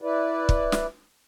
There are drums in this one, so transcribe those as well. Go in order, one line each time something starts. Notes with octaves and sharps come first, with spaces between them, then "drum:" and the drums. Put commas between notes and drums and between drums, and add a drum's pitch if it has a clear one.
E4 B4 D5
drum: kick
drum: snare